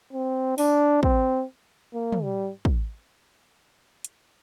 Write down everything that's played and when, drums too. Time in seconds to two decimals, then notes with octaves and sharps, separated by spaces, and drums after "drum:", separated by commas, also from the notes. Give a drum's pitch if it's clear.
0.13 C4
0.58 D4, drum: open hi-hat
1.03 C4, drum: kick
1.94 A#3
2.12 drum: tom
2.23 G3
2.65 drum: kick
4.04 drum: hi-hat